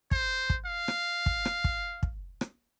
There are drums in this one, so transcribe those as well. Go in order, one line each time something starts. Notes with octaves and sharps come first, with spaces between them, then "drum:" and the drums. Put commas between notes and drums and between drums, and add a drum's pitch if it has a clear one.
C5, drum: kick
drum: kick
F5
drum: rim click
drum: kick
drum: rim click
drum: kick
drum: kick
drum: rim click